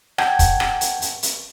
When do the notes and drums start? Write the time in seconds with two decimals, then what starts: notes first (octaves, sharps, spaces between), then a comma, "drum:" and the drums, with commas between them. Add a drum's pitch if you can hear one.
0.18 F#5 G5 A5 G6 G#6, drum: rim click
0.39 drum: kick, hi-hat
0.60 drum: rim click
0.81 drum: hi-hat
1.02 drum: hi-hat
1.23 drum: hi-hat